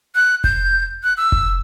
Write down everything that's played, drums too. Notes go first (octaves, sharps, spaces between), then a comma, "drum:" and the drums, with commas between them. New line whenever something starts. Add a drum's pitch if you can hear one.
F#6
G6, drum: kick F1
F#6
E6
drum: kick F1